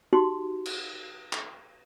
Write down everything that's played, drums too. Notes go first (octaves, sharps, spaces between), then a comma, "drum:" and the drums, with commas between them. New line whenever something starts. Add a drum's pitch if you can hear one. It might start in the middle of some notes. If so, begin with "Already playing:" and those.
D#4 F#4 G4 C6
drum: cymbal
drum: clap